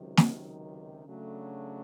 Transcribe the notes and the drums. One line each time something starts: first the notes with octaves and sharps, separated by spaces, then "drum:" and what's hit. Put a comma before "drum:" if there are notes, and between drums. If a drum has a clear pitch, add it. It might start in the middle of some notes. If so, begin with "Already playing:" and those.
Already playing: C#2 C3 D#3 F#3
drum: snare
C#3 F#3 A3 D4